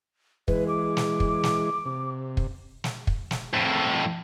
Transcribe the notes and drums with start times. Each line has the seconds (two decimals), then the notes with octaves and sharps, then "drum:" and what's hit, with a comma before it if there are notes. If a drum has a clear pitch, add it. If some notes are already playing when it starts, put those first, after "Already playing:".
0.48 E3 G#3 B4, drum: kick
0.68 D6
0.97 drum: snare
1.20 drum: kick
1.43 drum: snare
1.85 C3
2.37 drum: kick
2.84 drum: snare
3.07 drum: kick
3.31 drum: snare
3.54 F2 A2